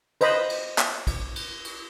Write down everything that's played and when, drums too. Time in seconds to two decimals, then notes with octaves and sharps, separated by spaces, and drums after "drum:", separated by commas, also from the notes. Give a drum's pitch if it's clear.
0.21 B4 C5 D#5 B5, drum: cymbal
0.49 drum: cymbal
0.78 drum: clap
1.07 drum: kick, cymbal
1.36 drum: cymbal
1.64 drum: cymbal